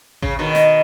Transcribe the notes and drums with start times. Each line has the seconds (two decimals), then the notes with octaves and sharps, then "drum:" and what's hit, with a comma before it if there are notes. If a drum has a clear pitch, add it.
0.22 C#3, drum: kick A1
0.39 B2 D#3
0.55 drum: snare